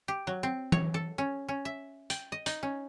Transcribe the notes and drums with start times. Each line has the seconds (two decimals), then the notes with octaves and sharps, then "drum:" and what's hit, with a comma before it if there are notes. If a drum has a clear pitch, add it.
0.08 G4
0.27 F#3
0.43 C4
0.72 C#5, drum: tom E3
0.94 A4
1.18 C#4
1.49 C#4
1.65 E5
2.10 G5, drum: hi-hat
2.32 D#5
2.46 D#4, drum: hi-hat
2.63 C#4